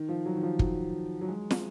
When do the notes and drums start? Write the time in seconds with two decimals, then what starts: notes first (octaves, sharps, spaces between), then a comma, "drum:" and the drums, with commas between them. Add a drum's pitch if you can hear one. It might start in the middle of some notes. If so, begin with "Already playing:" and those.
Already playing: D#3
0.09 F3
0.26 F#3
0.36 D#3
0.43 F3
0.59 F#3, drum: kick
1.21 F#3
1.28 G#3
1.51 drum: snare